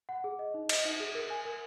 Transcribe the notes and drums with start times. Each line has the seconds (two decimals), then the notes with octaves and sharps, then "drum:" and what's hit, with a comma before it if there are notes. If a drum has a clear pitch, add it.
0.09 F#5
0.24 G#4
0.39 D#5
0.54 D#4
0.69 D#5, drum: cymbal
0.85 D#4
1.00 G#4
1.15 A#4
1.30 G#5
1.45 A#4